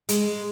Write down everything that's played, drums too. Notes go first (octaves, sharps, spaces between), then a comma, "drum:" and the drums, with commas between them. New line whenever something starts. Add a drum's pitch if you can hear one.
G#3, drum: hi-hat